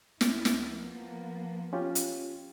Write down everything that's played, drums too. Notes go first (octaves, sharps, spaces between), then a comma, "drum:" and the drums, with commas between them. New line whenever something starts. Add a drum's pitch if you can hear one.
E4, drum: snare
drum: snare
F3 A#3 B3
C#4 F4 G4
drum: hi-hat